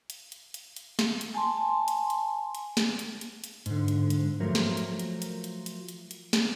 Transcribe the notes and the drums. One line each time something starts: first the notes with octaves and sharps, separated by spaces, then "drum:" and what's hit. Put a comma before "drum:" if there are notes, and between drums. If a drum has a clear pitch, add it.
drum: hi-hat
drum: hi-hat
drum: hi-hat
drum: hi-hat
drum: snare
drum: hi-hat
G#5 A5 C6
drum: hi-hat
drum: hi-hat
drum: hi-hat
drum: snare
drum: hi-hat
drum: hi-hat
drum: hi-hat
G#2 D3, drum: hi-hat
drum: hi-hat
drum: hi-hat
F3 F#3 A3 A#4
drum: snare
drum: hi-hat
drum: hi-hat
drum: hi-hat
drum: hi-hat
drum: hi-hat
drum: hi-hat
drum: hi-hat
drum: snare